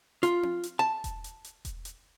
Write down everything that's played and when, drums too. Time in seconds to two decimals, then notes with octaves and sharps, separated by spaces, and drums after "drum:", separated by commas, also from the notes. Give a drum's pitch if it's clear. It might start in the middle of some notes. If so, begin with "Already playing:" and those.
0.23 F4, drum: hi-hat
0.43 drum: tom C4
0.63 drum: hi-hat
0.79 A5
1.04 drum: kick E1, hi-hat
1.24 drum: hi-hat
1.44 drum: hi-hat
1.65 drum: kick E1, hi-hat
1.85 drum: hi-hat